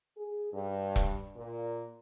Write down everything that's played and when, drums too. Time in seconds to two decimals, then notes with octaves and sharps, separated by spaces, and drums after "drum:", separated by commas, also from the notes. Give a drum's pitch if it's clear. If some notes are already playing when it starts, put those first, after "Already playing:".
0.17 G#4
0.52 G2
0.96 drum: kick E1
1.36 A#2